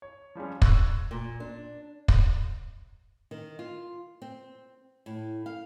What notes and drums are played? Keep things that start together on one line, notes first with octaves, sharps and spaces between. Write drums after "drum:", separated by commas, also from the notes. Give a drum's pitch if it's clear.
C#5
F3 G3 G#3 C#4
C#6 E6 F#6 G#6 A#6, drum: kick
A#2
D4
drum: kick
D#3
F4
C4
A2
F5